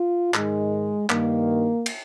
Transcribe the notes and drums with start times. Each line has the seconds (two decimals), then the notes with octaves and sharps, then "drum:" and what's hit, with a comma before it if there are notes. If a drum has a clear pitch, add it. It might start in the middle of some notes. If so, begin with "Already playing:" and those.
Already playing: F4
0.34 G#2 D#3 G#3, drum: clap
1.10 G2 D#3 A#3, drum: clap
1.86 drum: cymbal